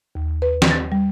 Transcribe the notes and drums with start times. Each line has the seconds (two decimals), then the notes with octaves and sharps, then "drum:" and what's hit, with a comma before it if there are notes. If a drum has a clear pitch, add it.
0.15 D#2
0.42 B4
0.62 drum: snare
0.71 A6
0.92 G3